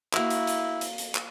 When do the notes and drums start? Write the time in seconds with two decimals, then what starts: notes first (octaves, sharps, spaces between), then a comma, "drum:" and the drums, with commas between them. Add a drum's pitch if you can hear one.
0.14 A#3 E4 F#4 A#4, drum: clap
0.30 drum: hi-hat
0.47 drum: hi-hat
0.81 drum: hi-hat
0.98 drum: hi-hat
1.15 drum: clap